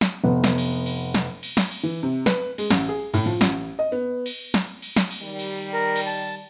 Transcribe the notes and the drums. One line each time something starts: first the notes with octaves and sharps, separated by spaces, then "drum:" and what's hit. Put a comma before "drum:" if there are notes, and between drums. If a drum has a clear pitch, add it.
drum: snare
F1 B3
drum: snare
drum: cymbal
drum: cymbal
drum: snare
drum: cymbal
drum: snare
drum: cymbal
E3
C3
B4, drum: snare
G#3, drum: cymbal
A1, drum: snare
G#4
A2, drum: cymbal
F3
A1, drum: snare
D#5
B3
drum: cymbal
drum: snare
drum: cymbal
drum: snare
drum: cymbal
D#3 G3
drum: cymbal
A#4
drum: cymbal
A5